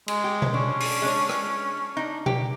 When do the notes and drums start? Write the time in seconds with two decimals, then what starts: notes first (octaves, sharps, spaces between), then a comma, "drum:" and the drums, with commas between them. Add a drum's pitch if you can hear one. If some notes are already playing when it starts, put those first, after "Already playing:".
0.08 G#3, drum: cymbal
0.24 G4
0.42 drum: tom B2
0.54 C#4 D4
0.80 drum: open hi-hat
1.02 G#3 D4 C#5
1.29 drum: rim click
1.97 D4 D#4
2.26 G4, drum: tom B2